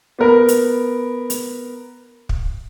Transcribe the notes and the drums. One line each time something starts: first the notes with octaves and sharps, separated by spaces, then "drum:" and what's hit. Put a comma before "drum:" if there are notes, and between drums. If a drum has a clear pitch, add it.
B3 A#4 B5
drum: hi-hat
drum: hi-hat
drum: kick